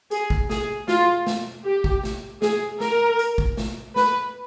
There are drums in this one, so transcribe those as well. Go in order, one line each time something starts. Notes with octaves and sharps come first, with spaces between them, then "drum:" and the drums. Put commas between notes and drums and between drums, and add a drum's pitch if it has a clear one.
G#4, drum: hi-hat
drum: kick
G#4, drum: snare
F4, drum: snare
drum: snare
G4
drum: kick
drum: snare
G#4, drum: snare
A#4, drum: snare
drum: hi-hat
drum: kick
drum: snare
B4, drum: snare